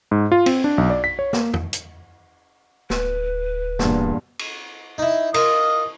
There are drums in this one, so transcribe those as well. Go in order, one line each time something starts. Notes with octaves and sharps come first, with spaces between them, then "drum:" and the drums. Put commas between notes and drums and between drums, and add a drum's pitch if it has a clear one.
G#2
F4
C4, drum: cymbal
D4
B1
D5
B6
C#5
A#3, drum: snare
drum: tom E2
drum: hi-hat
D1 B4, drum: snare
E2 G2 A#2, drum: snare
drum: cymbal
D#4 E4
F4 A#4 D#5, drum: cymbal